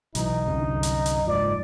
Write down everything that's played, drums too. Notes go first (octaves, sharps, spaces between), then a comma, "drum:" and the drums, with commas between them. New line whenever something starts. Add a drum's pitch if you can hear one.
B1 D#3 E3 D#4, drum: hi-hat
C2 F#2 D3
drum: hi-hat
drum: hi-hat
F#1 G#2 F3 D5